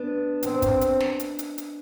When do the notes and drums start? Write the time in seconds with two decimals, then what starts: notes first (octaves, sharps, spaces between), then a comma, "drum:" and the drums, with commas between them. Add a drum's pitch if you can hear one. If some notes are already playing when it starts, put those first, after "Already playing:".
Already playing: B3 D4
0.43 C4, drum: hi-hat
0.62 drum: kick, hi-hat
0.81 drum: hi-hat
1.00 drum: snare
1.20 drum: hi-hat
1.39 drum: hi-hat
1.58 drum: hi-hat